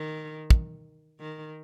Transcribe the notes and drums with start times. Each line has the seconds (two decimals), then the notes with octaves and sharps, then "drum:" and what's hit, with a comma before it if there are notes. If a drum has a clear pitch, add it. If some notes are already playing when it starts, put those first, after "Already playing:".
Already playing: D#3
0.50 drum: kick
1.20 D#3